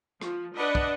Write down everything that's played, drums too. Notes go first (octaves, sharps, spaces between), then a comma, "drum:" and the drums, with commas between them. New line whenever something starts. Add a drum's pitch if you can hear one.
F3, drum: rim click
D4 B4 D#5 F#5
drum: kick